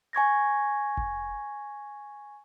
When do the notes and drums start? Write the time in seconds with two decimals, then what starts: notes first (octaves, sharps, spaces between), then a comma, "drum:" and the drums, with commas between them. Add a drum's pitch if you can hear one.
0.13 G#5 C#6 G#6 A#6
0.97 drum: kick F1